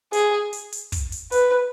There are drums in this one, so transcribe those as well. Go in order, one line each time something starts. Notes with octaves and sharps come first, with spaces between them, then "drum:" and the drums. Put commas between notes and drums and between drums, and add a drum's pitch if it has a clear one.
G#4, drum: hi-hat
drum: hi-hat
drum: hi-hat
drum: kick, hi-hat
drum: hi-hat
B4, drum: hi-hat